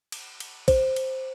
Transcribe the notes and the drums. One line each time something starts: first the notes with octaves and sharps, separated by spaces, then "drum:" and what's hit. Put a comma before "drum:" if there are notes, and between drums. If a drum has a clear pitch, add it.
drum: cymbal
drum: cymbal
C5, drum: kick B1, cymbal
drum: cymbal